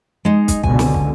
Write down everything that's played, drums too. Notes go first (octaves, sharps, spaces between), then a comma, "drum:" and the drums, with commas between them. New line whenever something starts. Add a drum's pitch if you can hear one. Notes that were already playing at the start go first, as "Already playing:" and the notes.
G#3 D#4
drum: kick, hi-hat
C#2 B2 D3 G#5, drum: kick
drum: snare
drum: kick